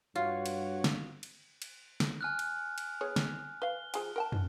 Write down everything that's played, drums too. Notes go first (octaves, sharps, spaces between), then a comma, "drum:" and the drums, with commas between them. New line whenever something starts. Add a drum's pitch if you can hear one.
G2 F4 F#4 C#5
drum: cymbal
drum: snare
drum: cymbal
drum: cymbal
drum: snare
G#5 F6 F#6
drum: cymbal
drum: cymbal
B3 G#4 C#5
drum: snare
B4 F5 G7
F3 G#4 G#5, drum: cymbal
A#4 G5 A5
drum: tom